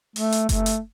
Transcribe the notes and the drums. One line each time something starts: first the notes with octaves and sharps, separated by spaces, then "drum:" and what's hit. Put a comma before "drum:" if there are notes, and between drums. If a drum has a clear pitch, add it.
A3, drum: open hi-hat
drum: hi-hat
A3, drum: kick F#1, hi-hat
drum: hi-hat